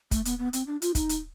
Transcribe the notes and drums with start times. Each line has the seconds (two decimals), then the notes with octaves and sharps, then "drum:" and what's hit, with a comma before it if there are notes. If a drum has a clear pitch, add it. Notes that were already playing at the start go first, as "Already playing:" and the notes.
0.11 A3, drum: kick, hi-hat
0.25 B3, drum: hi-hat
0.39 B3
0.53 C4, drum: hi-hat
0.67 D4
0.82 F4, drum: hi-hat
0.95 D#4, drum: kick, hi-hat
1.09 drum: hi-hat